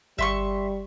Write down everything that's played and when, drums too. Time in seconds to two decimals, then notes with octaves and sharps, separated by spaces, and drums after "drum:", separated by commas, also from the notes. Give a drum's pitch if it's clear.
0.19 G3 E5 C6 C#6, drum: kick G1